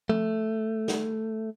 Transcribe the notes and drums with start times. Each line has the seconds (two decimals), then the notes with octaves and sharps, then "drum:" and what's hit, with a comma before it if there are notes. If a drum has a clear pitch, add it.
0.10 A3, drum: tom F3
0.88 drum: snare